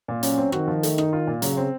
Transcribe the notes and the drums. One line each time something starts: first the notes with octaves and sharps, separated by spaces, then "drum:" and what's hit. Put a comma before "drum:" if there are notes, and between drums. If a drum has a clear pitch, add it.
A#2
F#3 C#4, drum: hi-hat
C4
D#3 F#4, drum: rim click
F3
A3, drum: hi-hat
D#4, drum: rim click
F4
A#2
C#3 F#3, drum: hi-hat
C4